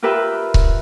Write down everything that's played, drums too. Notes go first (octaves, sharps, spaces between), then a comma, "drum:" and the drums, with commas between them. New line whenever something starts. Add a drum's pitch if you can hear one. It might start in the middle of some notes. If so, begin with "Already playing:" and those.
F4 G4 A#4 B4 E5 G5
drum: kick C#1